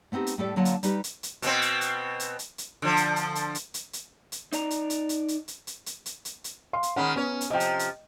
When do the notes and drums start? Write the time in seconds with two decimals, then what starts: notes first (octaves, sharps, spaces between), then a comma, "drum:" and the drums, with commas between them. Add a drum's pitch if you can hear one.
0.12 A3 B3 C4 D#4 G4
0.27 drum: hi-hat
0.38 A2 G3 A3 G4 A4 D5
0.56 D3 F#3 A#3 F4 F#5 A5
0.65 drum: hi-hat
0.83 G3 D#4 G4 B4, drum: hi-hat
1.04 drum: hi-hat
1.23 drum: hi-hat
1.42 B2 B3 C4, drum: hi-hat
1.62 drum: hi-hat
1.81 drum: hi-hat
2.20 drum: hi-hat
2.39 drum: hi-hat
2.58 drum: hi-hat
2.82 D3 F3
2.97 drum: hi-hat
3.16 drum: hi-hat
3.35 drum: hi-hat
3.55 drum: hi-hat
3.74 drum: hi-hat
3.93 drum: hi-hat
4.32 drum: hi-hat
4.52 D#4 D5 A#5, drum: hi-hat
4.70 drum: hi-hat
4.90 drum: hi-hat
5.09 drum: hi-hat
5.28 drum: hi-hat
5.48 drum: hi-hat
5.67 drum: hi-hat
5.86 drum: hi-hat
6.06 drum: hi-hat
6.25 drum: hi-hat
6.44 drum: hi-hat
6.73 F5 C6
6.83 drum: hi-hat
6.96 D#3 G#3 C#4 F#5 B5
7.16 B3 C#4 C#5
7.41 drum: hi-hat
7.50 C3 F3 D#5 G5
7.60 drum: hi-hat
7.79 drum: hi-hat